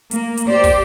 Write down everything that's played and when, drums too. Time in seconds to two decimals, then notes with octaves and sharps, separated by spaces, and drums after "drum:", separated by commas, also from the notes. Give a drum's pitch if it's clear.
0.11 A#3, drum: hi-hat
0.37 drum: hi-hat
0.47 G4 C5 D5
0.64 drum: kick, open hi-hat